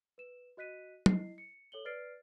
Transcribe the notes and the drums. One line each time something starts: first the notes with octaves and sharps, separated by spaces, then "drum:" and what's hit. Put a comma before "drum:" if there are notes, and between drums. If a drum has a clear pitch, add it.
B4 E7
F#4 D#5 F#6 B6 D#7
E4 D#5 C7, drum: tom
C#7
A4 C#5 F#7 G7
B4 D5 F6 A6 C7 D7